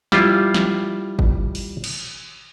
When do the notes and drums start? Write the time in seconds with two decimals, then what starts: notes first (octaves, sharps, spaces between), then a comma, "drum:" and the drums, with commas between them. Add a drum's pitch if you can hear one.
0.12 G3 E4 F4, drum: snare
0.54 drum: snare
1.19 drum: kick G1
1.55 drum: open hi-hat
1.84 drum: cymbal